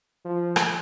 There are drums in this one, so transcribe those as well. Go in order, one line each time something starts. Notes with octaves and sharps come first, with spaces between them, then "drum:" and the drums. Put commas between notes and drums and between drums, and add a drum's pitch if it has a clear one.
F3
drum: rim click